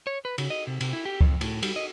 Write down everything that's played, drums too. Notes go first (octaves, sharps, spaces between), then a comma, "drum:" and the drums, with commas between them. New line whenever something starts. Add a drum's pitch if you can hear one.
C#5
B4
C#3, drum: cymbal
D#5
C3
C3, drum: cymbal
E4
G4
F2, drum: kick C#2
A2, drum: cymbal
G3, drum: cymbal
D#5